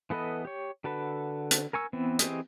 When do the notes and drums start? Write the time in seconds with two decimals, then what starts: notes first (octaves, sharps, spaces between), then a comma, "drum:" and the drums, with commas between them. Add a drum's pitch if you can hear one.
0.10 E3 B3 A4 B4 D#5
0.45 G4 C#5
0.84 D3 F#4 A4 B4
1.51 drum: hi-hat
1.73 A#4 G#5 C#6 E6
1.93 E3 B3 C4
2.19 E3 C4 G4 G#4 D#5, drum: hi-hat